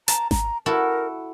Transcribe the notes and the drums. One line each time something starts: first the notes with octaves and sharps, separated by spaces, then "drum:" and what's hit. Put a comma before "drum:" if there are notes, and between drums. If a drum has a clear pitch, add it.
A5 A#5, drum: hi-hat
A#5, drum: snare G#1
E4 F#4 A4 A#4